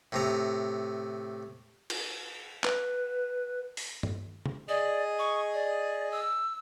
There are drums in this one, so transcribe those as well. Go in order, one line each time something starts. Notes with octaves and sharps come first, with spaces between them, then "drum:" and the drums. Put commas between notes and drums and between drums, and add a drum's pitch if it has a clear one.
A2 C3 A#5
drum: cymbal
B4, drum: clap
drum: open hi-hat
drum: tom G2
drum: tom C3
G#4 D5 D#5
C#6
D5
E6